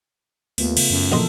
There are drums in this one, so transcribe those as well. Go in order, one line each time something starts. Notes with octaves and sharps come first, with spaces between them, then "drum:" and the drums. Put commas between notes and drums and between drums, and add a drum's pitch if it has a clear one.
D#2 A3 B3 F4, drum: open hi-hat
C#3, drum: cymbal
F#2
A#1 E3 A4 A#4 D#5 C6